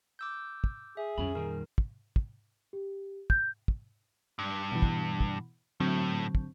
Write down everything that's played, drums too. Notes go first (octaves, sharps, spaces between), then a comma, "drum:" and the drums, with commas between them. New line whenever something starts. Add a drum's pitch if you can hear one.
D6 E6 G6
drum: kick
G#4 E5
F2 G3 C#4 B5
A#2 D#3 A#4
drum: kick
drum: kick
G4
G6, drum: kick
drum: kick
G2
B2 E3
drum: kick
drum: kick
A2 D3 F#3 C4
drum: kick